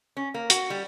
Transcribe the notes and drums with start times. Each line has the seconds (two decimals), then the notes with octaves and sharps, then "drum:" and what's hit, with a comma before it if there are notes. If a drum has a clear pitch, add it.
0.17 C#4
0.34 A#3
0.50 F#4, drum: hi-hat
0.70 G3